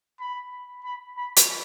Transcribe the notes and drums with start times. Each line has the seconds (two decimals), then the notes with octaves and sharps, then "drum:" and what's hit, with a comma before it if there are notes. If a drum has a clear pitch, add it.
0.20 B5
0.85 B5
1.18 B5
1.36 drum: hi-hat